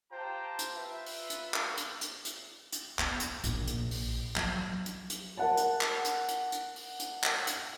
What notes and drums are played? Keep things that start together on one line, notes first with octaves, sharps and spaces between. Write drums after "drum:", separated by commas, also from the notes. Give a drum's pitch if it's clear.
F4 G4 C5 G5 A5 A#5
drum: hi-hat
F4 B4 E5
drum: open hi-hat
drum: hi-hat
drum: clap
drum: hi-hat
drum: hi-hat
drum: hi-hat
drum: hi-hat
B3, drum: clap
drum: hi-hat
A#1 A#2, drum: hi-hat
drum: hi-hat
drum: open hi-hat
F3 F#3, drum: clap
drum: hi-hat
drum: hi-hat
A#4 F#5 A5
drum: hi-hat
drum: clap
drum: hi-hat
drum: hi-hat
drum: hi-hat
drum: open hi-hat
drum: hi-hat
drum: clap
drum: hi-hat